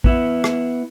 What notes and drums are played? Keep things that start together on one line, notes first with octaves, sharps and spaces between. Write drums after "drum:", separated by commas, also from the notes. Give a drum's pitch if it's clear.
B3 E4, drum: kick
drum: rim click